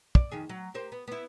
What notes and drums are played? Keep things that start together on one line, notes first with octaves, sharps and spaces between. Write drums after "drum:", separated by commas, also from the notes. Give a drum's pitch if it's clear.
D5, drum: kick
F2 D#3 G#4
F#3
G4 A#4 C5
B3
B3 E4